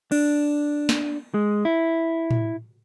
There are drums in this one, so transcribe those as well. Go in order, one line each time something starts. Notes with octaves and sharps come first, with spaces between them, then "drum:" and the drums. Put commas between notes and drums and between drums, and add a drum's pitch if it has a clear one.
D4, drum: cymbal
drum: snare
G#3
E4
drum: tom A2